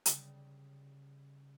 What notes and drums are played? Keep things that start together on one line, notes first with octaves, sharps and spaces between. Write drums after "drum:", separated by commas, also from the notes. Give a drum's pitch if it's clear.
C#3 G3, drum: hi-hat